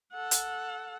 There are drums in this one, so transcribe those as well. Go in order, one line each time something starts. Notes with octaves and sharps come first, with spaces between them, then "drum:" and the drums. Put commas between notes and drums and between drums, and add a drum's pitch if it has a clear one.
A4 F#5
drum: hi-hat